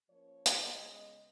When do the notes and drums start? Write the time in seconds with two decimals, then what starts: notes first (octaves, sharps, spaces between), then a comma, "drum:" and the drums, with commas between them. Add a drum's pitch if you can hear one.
0.10 F3 A#3 C#4 C#5
0.46 drum: hi-hat
0.61 C#3 G#3 B3 D#5